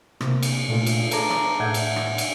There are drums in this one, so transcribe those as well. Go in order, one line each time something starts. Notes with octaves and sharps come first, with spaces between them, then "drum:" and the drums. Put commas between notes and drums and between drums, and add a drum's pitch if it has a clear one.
C3 A#3, drum: rim click
drum: cymbal
A#2 A3 F4
drum: cymbal
G#4 A4 B4 A5 A#5 D6, drum: cymbal
drum: rim click
A2 E5 F#5 G6 G#6
drum: cymbal
drum: rim click
drum: cymbal